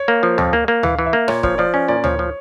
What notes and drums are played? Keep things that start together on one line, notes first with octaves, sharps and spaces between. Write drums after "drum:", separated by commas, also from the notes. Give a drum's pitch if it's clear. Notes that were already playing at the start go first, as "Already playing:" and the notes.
Already playing: C#5
A#3
F3
F2, drum: tom D2
A#3
A#3
E3 F5, drum: tom D2
E3
E5
A#3
A#2 C#5, drum: rim click
F3 C#5, drum: kick
F3 D5
C#4 D5
A#2 D5
F3 C#5, drum: tom D2
F3